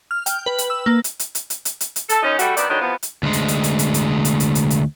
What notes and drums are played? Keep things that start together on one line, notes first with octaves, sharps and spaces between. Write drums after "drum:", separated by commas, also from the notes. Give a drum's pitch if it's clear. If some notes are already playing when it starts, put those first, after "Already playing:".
F6
G5, drum: hi-hat
B4
drum: hi-hat
E6
A#3
drum: hi-hat
drum: hi-hat
drum: hi-hat
drum: hi-hat
drum: hi-hat
drum: hi-hat
drum: hi-hat
A4, drum: hi-hat
F#2 C#4 D#4
G3 A3 F#4, drum: hi-hat
C3 D#3 B3 E4 D5, drum: hi-hat
D3 D#3 F#3 B3 D4 D#4
C3 E3 F3 B3
drum: hi-hat
D2 G#3
drum: hi-hat
drum: hi-hat
drum: hi-hat
drum: hi-hat
drum: hi-hat
drum: hi-hat
drum: hi-hat
drum: hi-hat
drum: hi-hat